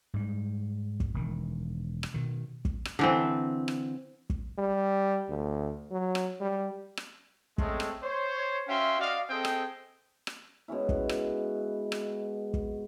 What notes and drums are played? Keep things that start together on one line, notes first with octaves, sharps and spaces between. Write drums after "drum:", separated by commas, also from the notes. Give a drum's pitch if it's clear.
G#2 G3
drum: kick
E1 D#3
drum: rim click
B2 D#3
drum: kick
drum: rim click
D3 E3 C4
drum: rim click
drum: kick
G3
D2
F#3
drum: rim click
G3
drum: rim click
G#3 A3 C4 C#4 A4 D#5, drum: kick
drum: rim click
C5 C#5
C#4 F#4 E5 F5 G5 C6
F#4 D5 D#5 F5
C4 G#4 A4 C5 D#5 G5
drum: rim click
drum: rim click
B2 G#3 C#4 E4
drum: kick
drum: rim click
drum: rim click
drum: kick